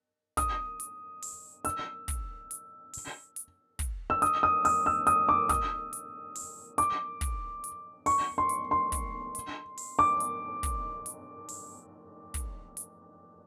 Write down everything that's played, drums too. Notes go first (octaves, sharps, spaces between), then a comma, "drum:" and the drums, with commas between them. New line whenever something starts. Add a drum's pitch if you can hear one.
D#6, drum: kick, hi-hat
drum: hi-hat
drum: open hi-hat
E6, drum: hi-hat
drum: kick, hi-hat
drum: hi-hat
drum: open hi-hat
drum: hi-hat
drum: kick, hi-hat
E6
D#6, drum: hi-hat
D#6
D#6, drum: open hi-hat
E6
D#6, drum: hi-hat
D6
D#6, drum: kick, hi-hat
drum: hi-hat
drum: open hi-hat
D6, drum: hi-hat
drum: kick, hi-hat
drum: hi-hat
C#6, drum: open hi-hat
C6
drum: hi-hat
C6
drum: kick, hi-hat
drum: hi-hat
drum: open hi-hat
D6
drum: hi-hat
drum: kick, hi-hat
drum: hi-hat
drum: open hi-hat
drum: kick, hi-hat
drum: hi-hat